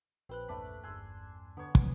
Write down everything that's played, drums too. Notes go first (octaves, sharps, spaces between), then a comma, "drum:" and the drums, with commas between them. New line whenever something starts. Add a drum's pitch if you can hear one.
A#1 C4 B4 F#6
E2 G2 A3 A#3 D4 B5
G1 G#5 C6 E6 F#6
D3 B3 C#5
drum: kick